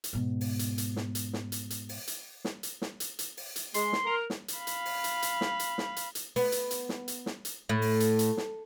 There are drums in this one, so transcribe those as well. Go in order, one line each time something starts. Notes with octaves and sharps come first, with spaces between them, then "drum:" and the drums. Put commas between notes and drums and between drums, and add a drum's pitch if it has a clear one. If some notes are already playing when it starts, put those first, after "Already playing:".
drum: hi-hat
G#2 B2
drum: open hi-hat
drum: hi-hat
drum: hi-hat
drum: snare
drum: hi-hat
drum: snare
drum: hi-hat
drum: hi-hat
drum: open hi-hat
drum: hi-hat
drum: snare
drum: hi-hat
drum: snare
drum: hi-hat
drum: hi-hat
drum: open hi-hat
drum: hi-hat
G#3 C6, drum: hi-hat
drum: snare
A#4
drum: snare
drum: hi-hat
F5 B5
drum: hi-hat
drum: open hi-hat
drum: hi-hat
drum: hi-hat
drum: snare
drum: hi-hat
drum: snare
drum: hi-hat
drum: hi-hat
B3, drum: open hi-hat
drum: hi-hat
drum: hi-hat
drum: snare
drum: hi-hat
drum: snare
drum: hi-hat
A2
drum: open hi-hat
drum: hi-hat
drum: hi-hat
drum: snare